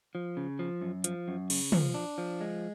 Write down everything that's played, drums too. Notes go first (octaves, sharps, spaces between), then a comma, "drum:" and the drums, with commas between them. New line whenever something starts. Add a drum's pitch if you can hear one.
F3
C#3
F3
F#2
F3, drum: hi-hat
F#2
C#3, drum: cymbal
F3, drum: tom
D4
F3
G#3